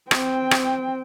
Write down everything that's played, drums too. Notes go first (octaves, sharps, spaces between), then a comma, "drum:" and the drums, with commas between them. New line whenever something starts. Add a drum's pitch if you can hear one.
C4 G5, drum: rim click
drum: rim click